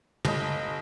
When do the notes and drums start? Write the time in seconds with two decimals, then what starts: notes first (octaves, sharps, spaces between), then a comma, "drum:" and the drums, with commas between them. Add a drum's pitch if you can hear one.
0.25 G1 D#5, drum: tom